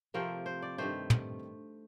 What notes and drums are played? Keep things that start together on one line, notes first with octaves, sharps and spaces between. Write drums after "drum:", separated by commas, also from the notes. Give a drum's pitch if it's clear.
C3 F3 A3 C4 A#4
C5
D5
G2 D#3 A3 C5
drum: tom